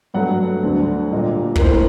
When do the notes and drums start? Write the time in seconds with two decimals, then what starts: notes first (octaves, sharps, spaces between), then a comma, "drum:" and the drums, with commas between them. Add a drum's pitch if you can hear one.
0.14 G2 F#3 A3 F#5
0.63 D2 D3 A3
1.12 A#2 G3 A#3 D#5
1.56 A#4, drum: kick
1.61 A2 A3 C5
1.73 A#4